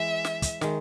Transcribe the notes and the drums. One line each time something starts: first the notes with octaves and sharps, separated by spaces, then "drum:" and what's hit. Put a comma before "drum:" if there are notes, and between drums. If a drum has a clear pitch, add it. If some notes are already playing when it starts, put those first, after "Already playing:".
Already playing: E3 G#3 E5
drum: snare
drum: kick, hi-hat
D#3 G#3, drum: snare